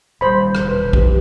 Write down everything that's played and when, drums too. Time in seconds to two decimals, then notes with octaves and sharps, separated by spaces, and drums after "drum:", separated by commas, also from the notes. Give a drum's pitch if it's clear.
0.21 D#1 G3 C5 B5
0.55 drum: rim click
0.67 E1 B4
0.93 G1 F2 D#3 G4, drum: kick A#1